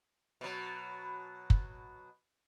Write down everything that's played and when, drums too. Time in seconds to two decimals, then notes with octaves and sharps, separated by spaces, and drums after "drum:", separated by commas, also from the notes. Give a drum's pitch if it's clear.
0.41 B2 F#3
1.50 drum: kick